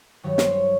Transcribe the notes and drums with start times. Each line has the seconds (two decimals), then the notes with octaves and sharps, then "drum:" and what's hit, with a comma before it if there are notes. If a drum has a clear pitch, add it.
0.23 G2 D#3 F#3 C#5
0.38 C5, drum: snare
0.52 C#5